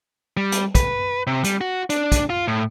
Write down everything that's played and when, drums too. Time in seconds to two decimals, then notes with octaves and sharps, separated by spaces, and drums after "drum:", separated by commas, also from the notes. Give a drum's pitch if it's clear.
0.37 G3
0.52 drum: hi-hat
0.75 B4, drum: kick, hi-hat
1.27 C3
1.44 G3, drum: hi-hat
1.61 F#4
1.90 D4, drum: hi-hat
2.12 drum: kick, hi-hat
2.30 F4
2.48 A2